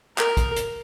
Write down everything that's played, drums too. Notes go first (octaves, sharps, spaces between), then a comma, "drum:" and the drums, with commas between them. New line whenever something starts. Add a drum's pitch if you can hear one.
A#4, drum: clap
drum: kick, hi-hat
drum: hi-hat